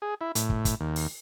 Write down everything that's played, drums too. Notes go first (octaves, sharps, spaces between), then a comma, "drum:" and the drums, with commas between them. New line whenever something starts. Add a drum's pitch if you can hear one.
G#4
E4
A2, drum: hi-hat
drum: kick
drum: kick, hi-hat
D#2
drum: open hi-hat